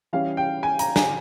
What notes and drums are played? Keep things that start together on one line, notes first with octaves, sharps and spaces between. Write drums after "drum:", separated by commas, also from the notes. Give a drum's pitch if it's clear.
E3 G3 C#4 F5
G5
G#5
A#5, drum: hi-hat
G#5, drum: snare